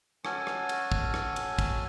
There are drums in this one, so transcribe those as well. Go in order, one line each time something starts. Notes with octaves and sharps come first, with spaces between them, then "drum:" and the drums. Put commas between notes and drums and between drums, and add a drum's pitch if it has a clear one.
C#4 F#4 A4 G#5, drum: rim click
drum: rim click
drum: cymbal
drum: kick
drum: rim click
drum: cymbal
drum: kick, cymbal